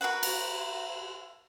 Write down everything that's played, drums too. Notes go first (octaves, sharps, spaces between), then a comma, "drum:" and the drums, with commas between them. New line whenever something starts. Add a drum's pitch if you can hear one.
F#4 A#4 B4 F#5
drum: cymbal